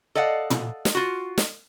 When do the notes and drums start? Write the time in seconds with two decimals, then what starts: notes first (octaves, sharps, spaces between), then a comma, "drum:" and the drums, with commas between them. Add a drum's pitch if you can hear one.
0.15 A4 D5 D#5 F5 F#5
0.50 drum: tom
0.85 drum: snare
0.95 F4 F#4
1.38 drum: snare